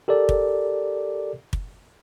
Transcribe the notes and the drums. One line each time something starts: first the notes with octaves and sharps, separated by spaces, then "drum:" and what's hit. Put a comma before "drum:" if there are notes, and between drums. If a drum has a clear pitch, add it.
G4 A4 A#4 D5
drum: kick
drum: kick